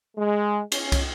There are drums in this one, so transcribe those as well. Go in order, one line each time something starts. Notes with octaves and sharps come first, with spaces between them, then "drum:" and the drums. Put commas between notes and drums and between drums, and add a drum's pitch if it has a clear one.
G#3
C#4, drum: cymbal
drum: kick, cymbal